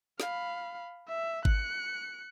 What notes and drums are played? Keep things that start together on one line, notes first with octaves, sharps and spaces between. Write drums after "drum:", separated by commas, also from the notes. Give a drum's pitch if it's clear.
F5 B5, drum: snare
E5
F#6 C#7, drum: kick G#1